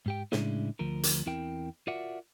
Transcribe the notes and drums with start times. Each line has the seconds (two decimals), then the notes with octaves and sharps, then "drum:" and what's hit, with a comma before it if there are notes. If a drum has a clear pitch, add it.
0.06 G#2 G4 G5
0.32 A2 C#3 G#3 D4 E4, drum: snare
0.79 D2 F3 A#4
1.03 drum: hi-hat
1.26 E2 C4 E4 A#4 G5
1.87 F4 F#4 A#4 D5 E5 F#5